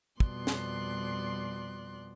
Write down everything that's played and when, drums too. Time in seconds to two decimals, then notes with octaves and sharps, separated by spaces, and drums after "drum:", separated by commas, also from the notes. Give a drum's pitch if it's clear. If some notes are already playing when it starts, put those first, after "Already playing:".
0.20 F2 B2 G3 D5 C6 F#6, drum: kick
0.47 drum: snare